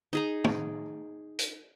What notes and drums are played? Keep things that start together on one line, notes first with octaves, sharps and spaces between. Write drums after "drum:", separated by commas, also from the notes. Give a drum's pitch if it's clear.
D#4 G#4 A#5
drum: tom
drum: hi-hat